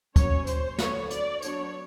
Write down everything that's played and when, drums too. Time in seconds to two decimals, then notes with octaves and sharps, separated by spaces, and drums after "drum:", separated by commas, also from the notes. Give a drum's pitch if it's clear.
0.16 F#3 A#3 C#4 C#5, drum: kick, hi-hat
0.47 C5, drum: hi-hat
0.78 D3 F#3 B3 C#5, drum: snare
1.10 D5, drum: hi-hat
1.42 F#3 B3 D4 C#5, drum: hi-hat